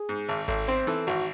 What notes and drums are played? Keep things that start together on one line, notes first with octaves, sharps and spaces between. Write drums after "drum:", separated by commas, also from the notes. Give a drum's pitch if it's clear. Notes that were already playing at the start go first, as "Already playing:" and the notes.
Already playing: G#4
G#2
G#1
G#1 A4, drum: kick G#1, open hi-hat
C4 C5
E3 A4, drum: hi-hat
G#1 F#4